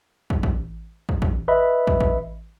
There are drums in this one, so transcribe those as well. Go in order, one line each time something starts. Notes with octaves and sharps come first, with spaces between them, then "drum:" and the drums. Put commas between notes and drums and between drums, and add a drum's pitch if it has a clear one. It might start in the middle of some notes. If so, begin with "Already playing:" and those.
drum: kick
drum: kick
drum: kick
drum: kick
B4 D#5 E5 B5
drum: kick
drum: kick